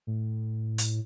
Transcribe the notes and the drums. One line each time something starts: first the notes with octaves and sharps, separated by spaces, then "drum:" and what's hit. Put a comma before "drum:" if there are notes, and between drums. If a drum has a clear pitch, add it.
A2
drum: hi-hat